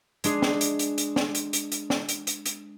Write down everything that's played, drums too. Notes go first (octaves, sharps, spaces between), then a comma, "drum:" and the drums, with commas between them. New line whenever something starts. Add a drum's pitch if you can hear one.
G#3 D4 G#4, drum: hi-hat
drum: snare
drum: hi-hat
drum: hi-hat
drum: hi-hat
drum: snare
drum: hi-hat
drum: hi-hat
drum: hi-hat
drum: snare
drum: hi-hat
drum: hi-hat
drum: hi-hat